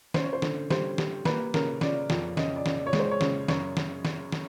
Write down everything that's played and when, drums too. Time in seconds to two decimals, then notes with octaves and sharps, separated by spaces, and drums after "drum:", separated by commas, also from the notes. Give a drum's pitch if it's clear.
0.14 C#4 C5, drum: snare
0.24 C#5
0.33 C5
0.42 D3, drum: snare
0.70 G3 C5, drum: snare
0.98 G3, drum: snare
1.25 A#3 B4, drum: snare
1.54 C#3 A#4, drum: snare
1.81 C#3 D5, drum: snare
2.10 F2, drum: snare
2.37 C#3 D#5, drum: snare
2.56 D5
2.66 C#3, drum: snare
2.74 D5
2.87 C#5
2.93 G#3, drum: snare
2.99 C5
3.11 C#5
3.21 C#3, drum: snare
3.48 F#2 C#5, drum: snare
3.77 drum: snare
4.05 drum: snare
4.32 drum: snare